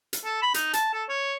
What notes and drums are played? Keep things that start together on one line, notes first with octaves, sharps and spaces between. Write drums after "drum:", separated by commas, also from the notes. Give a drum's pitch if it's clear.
drum: hi-hat
A4
B5
D#4, drum: hi-hat
A5, drum: hi-hat
A4
C#5